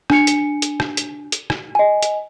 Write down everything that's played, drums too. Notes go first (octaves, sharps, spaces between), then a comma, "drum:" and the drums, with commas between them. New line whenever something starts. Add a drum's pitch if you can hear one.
D4 G#5 C#7, drum: rim click
drum: hi-hat
drum: hi-hat
drum: rim click
drum: hi-hat
drum: hi-hat
drum: rim click
D#5 G#5
drum: hi-hat